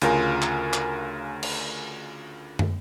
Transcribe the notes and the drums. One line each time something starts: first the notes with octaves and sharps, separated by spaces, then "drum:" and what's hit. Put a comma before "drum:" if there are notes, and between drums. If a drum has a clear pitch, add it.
D2 C#3 F4 A#4 G#5, drum: hi-hat
drum: clap
drum: clap
drum: cymbal
drum: tom